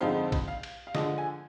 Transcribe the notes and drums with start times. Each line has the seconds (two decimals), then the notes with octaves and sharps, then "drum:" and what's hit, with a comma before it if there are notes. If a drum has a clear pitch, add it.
0.01 F2 D3 G#3 C4 D#4 F5
0.32 drum: kick A1, cymbal
0.48 F5
0.63 drum: cymbal
0.87 F5
0.95 D3 F3 G#3 D4 D#5, drum: snare
1.18 G#5